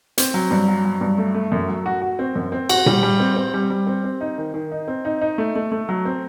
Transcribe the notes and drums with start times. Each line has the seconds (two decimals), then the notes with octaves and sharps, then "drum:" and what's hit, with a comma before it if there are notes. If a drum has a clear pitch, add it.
0.18 C4, drum: hi-hat
0.34 F#3
0.51 G2
0.68 F#3
0.85 F#3
1.01 G2
1.18 A3
1.34 A3
1.52 F#2
1.69 F#3
1.86 F#4
2.02 F#4
2.19 C4
2.36 F#2
2.52 C4
2.69 F#4, drum: cymbal
2.86 G3, drum: tom A#2
3.03 G3
3.20 C4
3.36 C4
3.54 G3
3.70 G3
3.87 C4
4.04 C4
4.21 D#4
4.38 D#3
4.54 D#3
4.72 D#4
4.88 C4
5.05 D#4
5.22 D#4
5.38 A3
5.55 A3
5.72 A3
5.89 F#3
6.05 C4